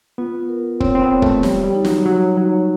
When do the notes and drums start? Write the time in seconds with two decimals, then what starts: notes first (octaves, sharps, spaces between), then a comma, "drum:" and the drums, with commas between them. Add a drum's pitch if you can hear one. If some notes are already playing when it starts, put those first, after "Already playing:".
0.18 B3 F4
0.49 A#4
0.80 C4 C#5, drum: kick
0.95 C4
1.02 B3
1.11 C#5
1.22 A3, drum: kick
1.43 G3 C#5, drum: snare
1.64 G3
1.75 D#4
1.85 F#3, drum: snare
2.05 F#3 C#5
2.37 F#3 D#4